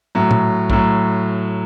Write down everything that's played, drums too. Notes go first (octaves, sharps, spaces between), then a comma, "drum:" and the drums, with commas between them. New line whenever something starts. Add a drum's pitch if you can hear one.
A2 F#3
drum: tom
A2 F#3, drum: kick B1